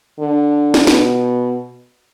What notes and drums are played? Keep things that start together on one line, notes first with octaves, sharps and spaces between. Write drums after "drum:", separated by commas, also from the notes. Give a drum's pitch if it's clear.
D3
drum: snare
B2, drum: snare